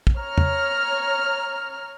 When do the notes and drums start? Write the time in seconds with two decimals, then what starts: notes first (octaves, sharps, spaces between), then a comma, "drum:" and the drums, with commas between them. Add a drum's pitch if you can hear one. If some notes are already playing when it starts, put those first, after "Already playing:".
0.07 drum: kick
0.18 C#5 A#5 F6
0.38 drum: tom E2